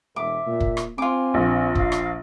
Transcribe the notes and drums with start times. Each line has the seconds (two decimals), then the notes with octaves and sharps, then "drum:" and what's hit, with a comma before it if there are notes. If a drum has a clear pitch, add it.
0.16 E1 E5 D6
0.46 A#2
0.60 drum: kick
0.77 drum: rim click
0.98 C4 F4 G#5 D6
1.34 A#1
1.75 F5, drum: kick
1.92 drum: rim click